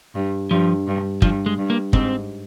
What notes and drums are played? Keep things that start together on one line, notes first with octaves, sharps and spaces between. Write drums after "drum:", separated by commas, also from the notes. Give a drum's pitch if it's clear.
G2
G2 F3
G2
G2 F3, drum: kick
G#3
G2
A#3
G#2 C4, drum: kick